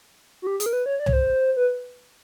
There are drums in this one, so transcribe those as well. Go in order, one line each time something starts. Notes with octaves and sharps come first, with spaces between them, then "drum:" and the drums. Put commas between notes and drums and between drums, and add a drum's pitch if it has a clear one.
F#4
G4
G#4, drum: hi-hat
A#4
B4
C#5
D5
C#5, drum: tom C2
C5
B4